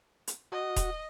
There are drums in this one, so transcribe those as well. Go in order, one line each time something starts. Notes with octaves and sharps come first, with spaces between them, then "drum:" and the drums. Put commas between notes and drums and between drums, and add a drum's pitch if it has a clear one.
drum: hi-hat
F#4 D#5
drum: kick D#1, hi-hat